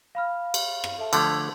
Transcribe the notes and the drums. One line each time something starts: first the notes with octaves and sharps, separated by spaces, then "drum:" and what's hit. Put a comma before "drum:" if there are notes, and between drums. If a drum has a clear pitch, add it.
F5 B5 F6
drum: cymbal
drum: rim click
A4 E5 A5
D3 F3 A3 G#6 F7, drum: cymbal